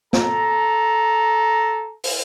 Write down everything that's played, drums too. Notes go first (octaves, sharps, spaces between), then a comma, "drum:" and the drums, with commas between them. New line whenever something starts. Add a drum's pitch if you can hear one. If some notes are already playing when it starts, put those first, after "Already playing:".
A4 A#5, drum: snare
drum: open hi-hat